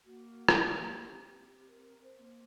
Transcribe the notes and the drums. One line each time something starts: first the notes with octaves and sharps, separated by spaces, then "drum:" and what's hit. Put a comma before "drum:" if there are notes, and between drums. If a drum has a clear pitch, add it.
A#3 F#4
drum: rim click
A#3 G4
D4
C4
A#4
A#4
C5
A#3